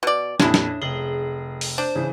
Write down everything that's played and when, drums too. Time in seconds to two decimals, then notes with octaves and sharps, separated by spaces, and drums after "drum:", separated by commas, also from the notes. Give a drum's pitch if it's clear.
0.03 B2 D5
0.40 F2 A#2 C#4 D4 E4, drum: snare
0.54 drum: snare
0.82 F1 G#4 F#7 G7
1.61 drum: open hi-hat
1.78 D4 C5
1.95 C#3 E3 G#4